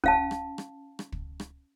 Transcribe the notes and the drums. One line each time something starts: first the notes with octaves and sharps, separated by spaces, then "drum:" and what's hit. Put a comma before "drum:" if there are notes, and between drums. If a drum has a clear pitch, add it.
C#4 F5 A5, drum: kick
drum: rim click
drum: rim click
drum: rim click
drum: kick
drum: rim click